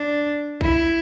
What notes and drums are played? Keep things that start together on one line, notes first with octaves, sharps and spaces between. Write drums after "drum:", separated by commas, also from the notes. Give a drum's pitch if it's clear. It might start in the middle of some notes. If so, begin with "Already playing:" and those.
Already playing: D4
E4, drum: kick